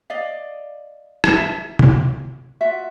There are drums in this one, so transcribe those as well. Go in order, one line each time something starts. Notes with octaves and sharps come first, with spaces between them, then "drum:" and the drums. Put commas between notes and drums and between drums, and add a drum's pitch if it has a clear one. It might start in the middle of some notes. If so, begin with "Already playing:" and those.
D5 D#5 F5
drum: rim click
E5 A5
drum: tom
F4 F#4 E5